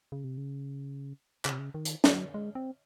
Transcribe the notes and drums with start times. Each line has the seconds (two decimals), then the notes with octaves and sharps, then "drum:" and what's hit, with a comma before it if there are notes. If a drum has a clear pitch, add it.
0.12 C#3
0.24 C3
0.37 C#3
1.45 C#3, drum: clap
1.52 C3
1.59 C#3
1.74 D#3
1.85 drum: hi-hat
2.04 F#3, drum: snare
2.34 G#3
2.55 C4